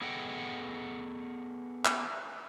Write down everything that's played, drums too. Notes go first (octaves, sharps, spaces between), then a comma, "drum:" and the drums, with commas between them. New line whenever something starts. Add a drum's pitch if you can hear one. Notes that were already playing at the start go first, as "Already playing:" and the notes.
B3 G#4 A4 D#5 F#5 G5
drum: clap